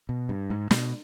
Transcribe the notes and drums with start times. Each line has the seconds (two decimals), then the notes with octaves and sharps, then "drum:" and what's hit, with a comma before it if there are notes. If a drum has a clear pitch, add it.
0.09 B2
0.29 G2
0.50 G#2
0.71 B2, drum: snare